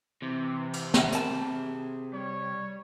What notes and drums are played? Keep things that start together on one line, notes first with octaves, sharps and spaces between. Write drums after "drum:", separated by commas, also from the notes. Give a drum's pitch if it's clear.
C3 E3
drum: cymbal
drum: snare
G#4 A#4 A5 B5, drum: hi-hat
G3 C#5